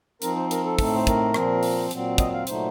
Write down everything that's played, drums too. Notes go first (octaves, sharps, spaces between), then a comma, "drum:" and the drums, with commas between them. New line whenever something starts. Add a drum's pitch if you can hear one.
F3 C4 D#4 A#4, drum: hi-hat
C5
A#4, drum: hi-hat
A4
A2 A3 C4 D#4, drum: kick, open hi-hat
C5
A#4, drum: kick, hi-hat
A#2 F3 C4, drum: rim click
drum: open hi-hat
A#2 F#3 C4, drum: hi-hat
D#5, drum: kick, hi-hat
F5
A#2 F#3 A3 D#4 C5, drum: hi-hat